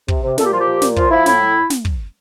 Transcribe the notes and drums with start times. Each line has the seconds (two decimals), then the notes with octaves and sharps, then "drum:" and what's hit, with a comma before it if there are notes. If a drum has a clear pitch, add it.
0.08 C3, drum: kick
0.23 C3
0.38 A#2 A4, drum: snare
0.45 G4
0.52 F3 F4
0.60 G4
0.68 A#2
0.82 A#2, drum: snare
0.97 F3 F4, drum: kick
1.11 F3 E4
1.26 A2 E4, drum: snare
1.70 drum: snare
1.85 drum: kick